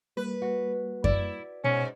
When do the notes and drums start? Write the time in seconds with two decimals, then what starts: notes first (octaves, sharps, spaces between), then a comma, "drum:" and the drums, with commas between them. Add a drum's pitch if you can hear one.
0.17 G3 A#3 B4
0.42 F#4
1.04 E4 D5, drum: kick F#2
1.64 G#2 B2 C#4